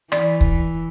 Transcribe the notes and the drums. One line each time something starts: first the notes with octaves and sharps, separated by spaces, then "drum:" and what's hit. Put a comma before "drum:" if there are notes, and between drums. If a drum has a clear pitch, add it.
E3 D5, drum: rim click
drum: kick